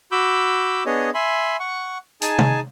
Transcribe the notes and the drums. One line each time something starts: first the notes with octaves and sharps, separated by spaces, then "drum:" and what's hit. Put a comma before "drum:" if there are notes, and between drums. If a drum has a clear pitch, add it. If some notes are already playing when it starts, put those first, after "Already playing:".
F#4 B5 D6 E6 G6
B3 D4 G#4 C#5 D#5
E5 G#5 B5 C6
F#5 C#6
D#4 G#4 G#5 A5, drum: hi-hat
drum: tom C3